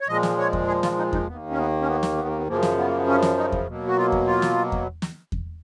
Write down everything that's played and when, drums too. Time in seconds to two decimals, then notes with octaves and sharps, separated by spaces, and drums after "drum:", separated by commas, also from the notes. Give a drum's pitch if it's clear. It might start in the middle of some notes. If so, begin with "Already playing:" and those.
0.01 C#5
0.08 A#2 F3 G#3 D#5
0.23 drum: snare
0.39 C#5
0.53 drum: kick E2
0.68 G#4
0.83 F4, drum: snare
0.98 D#4
1.13 D#4, drum: kick E2
1.28 D#2 D#3 A#3 B3
1.50 C#4
1.58 B3
1.81 C#4
1.88 B3
2.03 drum: snare
2.18 B3
2.28 A#3
2.38 B3
2.47 F#2 C#3 F3 A#3
2.63 drum: snare
2.78 B3
2.88 A#3
2.97 B3
3.07 C#4
3.22 drum: snare
3.37 D#4
3.52 drum: kick E2
3.67 B2 F#3 A#3
3.87 F#4
3.97 F4
4.12 drum: kick E2
4.27 F4
4.42 drum: snare
4.72 drum: kick E2
5.02 drum: snare
5.32 drum: kick E2